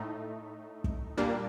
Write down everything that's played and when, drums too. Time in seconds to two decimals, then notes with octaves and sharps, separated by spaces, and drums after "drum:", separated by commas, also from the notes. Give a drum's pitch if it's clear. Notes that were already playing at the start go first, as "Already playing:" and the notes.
Already playing: A2 A3 D#4
0.84 drum: kick
1.17 A#2 G3 A#3 D4